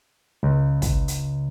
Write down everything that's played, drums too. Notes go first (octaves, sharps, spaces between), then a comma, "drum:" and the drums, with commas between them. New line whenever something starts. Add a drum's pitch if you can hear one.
C#2
drum: kick, hi-hat
drum: hi-hat